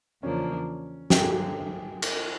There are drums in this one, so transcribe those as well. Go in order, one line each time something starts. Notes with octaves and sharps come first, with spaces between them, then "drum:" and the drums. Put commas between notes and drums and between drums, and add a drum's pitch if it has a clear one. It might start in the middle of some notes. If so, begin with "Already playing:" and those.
E2 C#3 F3 A#3 C#4 D4
G2 D3 F#3 A#3 G4, drum: snare
G#4
G4
drum: cymbal